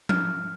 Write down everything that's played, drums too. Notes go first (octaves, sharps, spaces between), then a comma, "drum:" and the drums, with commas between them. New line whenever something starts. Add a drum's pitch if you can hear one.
F6, drum: tom F3